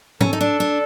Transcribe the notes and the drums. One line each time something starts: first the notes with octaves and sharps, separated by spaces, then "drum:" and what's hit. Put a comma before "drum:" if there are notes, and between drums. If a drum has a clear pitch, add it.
C#4 A4, drum: tom
D#4
D4
D4